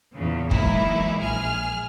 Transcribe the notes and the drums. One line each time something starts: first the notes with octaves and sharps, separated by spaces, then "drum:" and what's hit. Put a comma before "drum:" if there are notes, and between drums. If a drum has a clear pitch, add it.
E2 A#2 C#3
E3 F#3 G#3 A#3 D#4 E4, drum: kick
A#1 G#4 F6